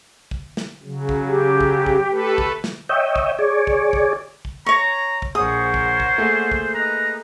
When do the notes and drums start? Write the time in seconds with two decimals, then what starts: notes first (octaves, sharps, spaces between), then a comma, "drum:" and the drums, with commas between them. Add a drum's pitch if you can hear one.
0.31 drum: kick
0.57 drum: snare
0.83 C#3 F#3
1.09 drum: kick
1.29 G4
1.61 drum: kick
1.86 drum: kick
2.10 A3 A4 B4
2.38 drum: kick
2.64 drum: snare
2.89 C#5 D#5 E5 G5
3.16 drum: kick
3.39 G#4 C#5 D5
3.67 drum: kick
3.93 drum: kick
4.45 drum: kick
4.66 C#5 A#5 C#6
5.22 drum: kick
5.35 A#1 G#4 A#4 C5 C#5 F#5 D#6
5.74 drum: kick
6.00 drum: kick
6.18 A3 A#3 G#4
6.51 drum: kick
6.74 D#4 B4 A#5 F#6